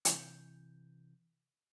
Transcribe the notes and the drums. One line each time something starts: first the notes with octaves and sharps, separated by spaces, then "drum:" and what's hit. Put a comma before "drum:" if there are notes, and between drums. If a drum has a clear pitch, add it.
C3 E3 G6, drum: hi-hat